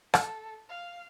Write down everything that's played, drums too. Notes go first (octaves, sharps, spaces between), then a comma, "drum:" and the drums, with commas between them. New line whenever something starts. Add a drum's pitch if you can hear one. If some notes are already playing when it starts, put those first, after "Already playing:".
A4, drum: rim click
F5